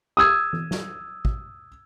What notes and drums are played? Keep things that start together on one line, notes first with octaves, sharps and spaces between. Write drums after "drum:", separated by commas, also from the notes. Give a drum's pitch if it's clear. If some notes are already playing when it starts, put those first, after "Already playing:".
D#6 E6 G#6
drum: tom E3
drum: snare
drum: kick